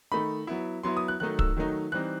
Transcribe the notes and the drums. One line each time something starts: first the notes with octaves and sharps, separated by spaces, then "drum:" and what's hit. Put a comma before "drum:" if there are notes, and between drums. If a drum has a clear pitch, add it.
D#3 A3 D#4 B5
F#3 B3 E4
F#3 B3 E4 C6
D#6
F#6
D#3 F#3 A3 D#4 F#6
E6, drum: kick
D#3 F#3 A3 D#4
E3 G3 C4 D#4 F#6